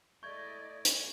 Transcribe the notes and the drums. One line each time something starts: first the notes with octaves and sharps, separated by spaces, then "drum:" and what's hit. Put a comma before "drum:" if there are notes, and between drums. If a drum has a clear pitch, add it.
A3 E4 D5 D#5 C#6 G6 G#6
drum: hi-hat